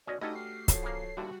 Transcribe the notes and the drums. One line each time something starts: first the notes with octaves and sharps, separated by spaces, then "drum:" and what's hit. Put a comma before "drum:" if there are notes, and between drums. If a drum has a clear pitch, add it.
B1 C#4 F#4 D5 D#5
G2 A3 C#4 D#4 F#4 G4 A4 D#5
F6 C7
F3 F#4 A4 C#5, drum: kick C#1, hi-hat
C#3 A#3
D#2 A2 D3 G3 F#4